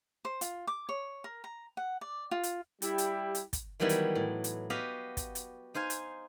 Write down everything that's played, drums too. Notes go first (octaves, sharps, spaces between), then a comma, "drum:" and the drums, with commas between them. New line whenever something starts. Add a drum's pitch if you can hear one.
C5
F4, drum: hi-hat
D6
C#5
A#4
A#5
F#5
D5
F4
drum: hi-hat
G3 E4 G4, drum: hi-hat
drum: hi-hat
drum: hi-hat
drum: kick, hi-hat
D#3 E3 F#3 G3 B3 E4
drum: hi-hat
A2
drum: hi-hat
B3 F#4 G4 D#5 F5
drum: kick, hi-hat
drum: hi-hat
D#4 C5 F5 G#5
drum: hi-hat